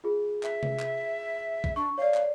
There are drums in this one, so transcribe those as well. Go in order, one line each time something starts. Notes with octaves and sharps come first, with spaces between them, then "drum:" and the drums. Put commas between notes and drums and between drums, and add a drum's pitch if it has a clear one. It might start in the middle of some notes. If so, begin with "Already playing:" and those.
F4 G#4
E5, drum: clap
drum: tom C3
drum: clap
drum: kick
D4 C#6
C#5 D5 F5
drum: clap